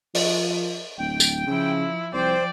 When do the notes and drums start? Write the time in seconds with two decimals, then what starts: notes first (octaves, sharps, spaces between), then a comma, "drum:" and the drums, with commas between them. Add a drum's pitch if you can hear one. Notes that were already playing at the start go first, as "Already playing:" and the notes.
0.15 F3, drum: open hi-hat
0.99 D1 G5
1.20 drum: tambourine
1.47 C#3 F3 E4
2.13 C2 F3 C4 C5 D5 G5